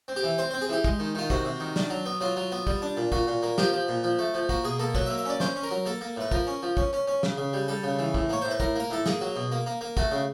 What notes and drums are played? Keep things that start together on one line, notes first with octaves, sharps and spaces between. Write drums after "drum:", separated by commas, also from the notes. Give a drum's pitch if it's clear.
C4
G4
E3
C4 C5
C4 C5
G#4
E3 G4
G#3, drum: kick
D#3
D#3 F4
C3 F#4, drum: kick
C3
D#3
D4, drum: snare
F#3
B3
F#3 F4
F#3
B3
G3, drum: kick
D4
A#2
A#2 F#4, drum: kick
A#2
A#3
F3 G4, drum: snare
F3
A#2
F3
A3
F3
A#3 F#4, drum: kick
B2 G#4
A#3 A4
F#3 B4, drum: kick
E5
A#3
E5
C#4 D5
C#4 C5, drum: snare
C#4
A#4
F#3
A#3 A4
A#3
A2 B4
F3 A#4, drum: kick
C#4
F3
C#4, drum: kick
C#4
C#4
C#3, drum: snare
C#3
G3
G3 A4
C#3
E3
A2, drum: kick
A#3 C#5
A2 C5
B4
A2 A#4, drum: kick
A#3 A#4
A2 A4
A#3 G#4, drum: snare
F#3
B2
A#3
A#3
A#3
A3 F#4, drum: kick
C#3